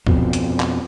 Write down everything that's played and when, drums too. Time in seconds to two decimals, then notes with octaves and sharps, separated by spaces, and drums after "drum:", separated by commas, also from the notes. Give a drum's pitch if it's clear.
0.07 F2 B2, drum: kick
0.33 drum: hi-hat
0.60 drum: clap